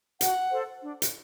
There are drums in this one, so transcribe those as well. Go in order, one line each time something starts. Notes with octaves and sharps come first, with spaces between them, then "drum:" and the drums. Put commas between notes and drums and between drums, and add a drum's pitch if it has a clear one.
F#4 F#5, drum: hi-hat
A4 C5
D4
drum: hi-hat